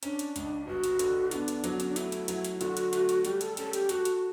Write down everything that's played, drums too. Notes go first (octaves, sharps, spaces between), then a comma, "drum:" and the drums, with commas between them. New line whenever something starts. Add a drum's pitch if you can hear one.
C#4 D4, drum: hi-hat
drum: hi-hat
C#2, drum: hi-hat
G1 F#4
drum: hi-hat
D3, drum: hi-hat
B3 D4, drum: hi-hat
drum: hi-hat
F#3, drum: hi-hat
C#4, drum: hi-hat
D4
A3 E4, drum: hi-hat
drum: hi-hat
F#3, drum: hi-hat
drum: hi-hat
D3 F#4, drum: hi-hat
drum: hi-hat
A3, drum: hi-hat
drum: hi-hat
G3 G4, drum: hi-hat
A4, drum: hi-hat
C#4 A4, drum: hi-hat
G4, drum: hi-hat
F#4 A4, drum: hi-hat
drum: hi-hat